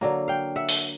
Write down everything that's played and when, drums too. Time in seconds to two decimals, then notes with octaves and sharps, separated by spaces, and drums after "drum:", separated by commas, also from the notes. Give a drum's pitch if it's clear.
0.01 D3 F#3 A#3
0.28 F5 G5
0.56 E5 F#5
0.69 drum: open hi-hat